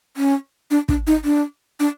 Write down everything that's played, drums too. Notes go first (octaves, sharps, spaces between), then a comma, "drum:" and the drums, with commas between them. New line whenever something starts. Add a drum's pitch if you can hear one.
C#4
D4
D4, drum: kick
D#4
D4
D4